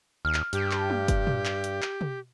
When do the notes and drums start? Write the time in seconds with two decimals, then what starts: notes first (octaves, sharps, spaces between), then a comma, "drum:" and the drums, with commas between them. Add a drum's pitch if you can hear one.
0.25 D#2 F6
0.34 drum: clap
0.53 G2 G4, drum: hi-hat
0.71 drum: clap
0.90 drum: tom
1.08 drum: kick, hi-hat
1.27 drum: tom
1.45 drum: clap
1.64 drum: hi-hat
1.82 drum: clap
2.01 drum: tom